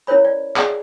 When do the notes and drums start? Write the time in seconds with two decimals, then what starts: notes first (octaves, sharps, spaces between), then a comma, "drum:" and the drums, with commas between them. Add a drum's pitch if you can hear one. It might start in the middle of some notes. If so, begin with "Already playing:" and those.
0.07 C#4 E4 A#4 C5 C#5 B5
0.25 D5
0.56 G#4 D5 F#5, drum: clap